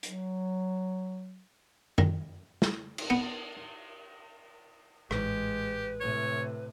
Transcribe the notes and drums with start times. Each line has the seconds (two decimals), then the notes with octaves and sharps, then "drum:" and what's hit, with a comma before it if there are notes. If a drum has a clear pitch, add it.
0.03 F#3, drum: hi-hat
1.98 D#3, drum: tom F#2
2.62 drum: snare
2.98 drum: cymbal
3.10 B3
5.11 A1 G#2 G#3 G4 B4, drum: rim click
6.01 A2 C3 C#5